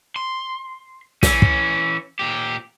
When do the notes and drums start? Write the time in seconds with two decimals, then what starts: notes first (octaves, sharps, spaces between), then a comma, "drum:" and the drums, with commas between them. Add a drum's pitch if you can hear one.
0.16 C6
1.23 E3 C#4, drum: snare
1.42 drum: kick
2.19 A#2 G4